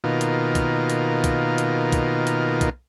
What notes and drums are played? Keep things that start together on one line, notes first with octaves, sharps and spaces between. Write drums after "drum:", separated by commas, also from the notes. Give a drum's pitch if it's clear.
B2 D#3 A#3 F4
drum: hi-hat
drum: kick, hi-hat
drum: hi-hat
drum: kick, hi-hat
drum: hi-hat
drum: kick, hi-hat
drum: hi-hat
drum: kick, hi-hat